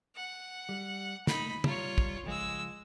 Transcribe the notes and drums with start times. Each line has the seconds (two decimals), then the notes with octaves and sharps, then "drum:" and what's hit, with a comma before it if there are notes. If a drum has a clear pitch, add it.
0.16 F#5
0.69 G3
1.27 A3 A#3 D#4 B5, drum: snare
1.64 G3 F4 C#5 A#5, drum: tom
1.98 drum: kick
2.26 C#2 F3 G#3 E6